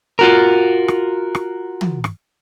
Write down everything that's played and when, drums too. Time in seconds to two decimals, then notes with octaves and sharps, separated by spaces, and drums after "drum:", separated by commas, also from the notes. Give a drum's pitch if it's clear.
0.19 F4 F#4 A#4
0.88 drum: rim click
1.35 drum: rim click
1.81 drum: tom
2.04 drum: rim click